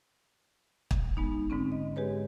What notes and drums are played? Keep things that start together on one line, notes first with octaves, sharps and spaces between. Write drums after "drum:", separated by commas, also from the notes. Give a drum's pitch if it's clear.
drum: kick
G#3 B3 D#4
G#2 D3 C4 C#4
D#5
G#3 G4 G#4 B4 C#5